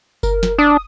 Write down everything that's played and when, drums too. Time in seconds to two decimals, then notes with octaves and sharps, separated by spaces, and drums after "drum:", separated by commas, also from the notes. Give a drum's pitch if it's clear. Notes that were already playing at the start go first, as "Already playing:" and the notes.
0.23 A#4, drum: kick F#1, tambourine
0.43 drum: snare
0.58 D4 D#6